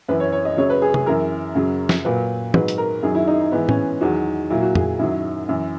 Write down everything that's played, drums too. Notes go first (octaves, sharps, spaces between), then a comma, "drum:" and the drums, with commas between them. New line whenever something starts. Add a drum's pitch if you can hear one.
F#2 E3 B4
C#5
C#5
D#5
F#2 C#3 F#3 C#5
B4
G#4
G#4, drum: tom C3
F#2 E3 A#4
F#2 C#3 F#3
drum: snare
A#2 F#3 B4
G#2 D#3 F#3 B4, drum: tom
drum: hi-hat
A#4
F#2 D#3 F#3 G#4
E4
D#4
D#4
G#2 E3 B3
C#4, drum: tom A2
E2 D#3 F#3 F#4
A#2 F#3 E4
F#4
G#4, drum: tom
F#2 D#3 F#3 E4
F#2 E3